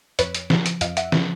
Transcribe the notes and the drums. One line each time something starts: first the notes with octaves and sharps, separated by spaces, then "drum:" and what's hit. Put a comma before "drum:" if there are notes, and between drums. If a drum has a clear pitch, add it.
F2 B4 C#5, drum: hi-hat
drum: hi-hat
C#3 F3, drum: snare
drum: hi-hat
F2 D#5 F5, drum: hi-hat
E5 F#5, drum: hi-hat
C#3 F3, drum: snare